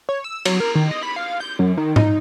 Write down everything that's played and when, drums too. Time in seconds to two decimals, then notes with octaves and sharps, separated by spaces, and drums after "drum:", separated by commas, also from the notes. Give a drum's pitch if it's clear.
0.09 C#5
0.24 E6
0.45 F#3, drum: cymbal
0.60 A#4
0.75 D#3
0.91 D#5
1.03 B5
1.16 F5
1.40 G6
1.59 F#2
1.77 D#3
1.96 D#4, drum: tom G#2